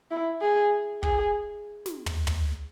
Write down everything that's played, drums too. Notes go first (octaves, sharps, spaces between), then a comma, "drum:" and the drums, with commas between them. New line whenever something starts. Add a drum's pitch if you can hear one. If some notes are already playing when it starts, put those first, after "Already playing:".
E4
G#4
G#4, drum: kick
drum: snare
drum: tom
drum: tom